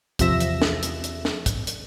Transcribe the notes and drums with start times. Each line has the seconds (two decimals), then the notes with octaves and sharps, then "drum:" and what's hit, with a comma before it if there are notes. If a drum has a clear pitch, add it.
0.19 E2 C3 F3 E5 A#6 E7, drum: kick, hi-hat
0.40 drum: hi-hat
0.62 drum: snare
0.83 drum: hi-hat
1.04 drum: hi-hat
1.25 drum: snare
1.46 drum: kick, hi-hat
1.67 drum: hi-hat